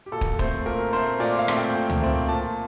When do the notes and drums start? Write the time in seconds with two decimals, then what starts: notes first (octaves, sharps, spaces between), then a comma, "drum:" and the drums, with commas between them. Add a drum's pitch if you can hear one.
0.06 G4
0.12 A#2 A4
0.21 drum: kick
0.39 A3 C4 C5, drum: kick
0.66 A#2 A#4
0.93 A3 C4 C5
1.20 A#2 D5
1.39 F5
1.48 A3 C4, drum: rim click
1.57 G5
1.75 A#2
1.90 drum: tom C#2
2.02 A3 C4
2.29 A#2 A5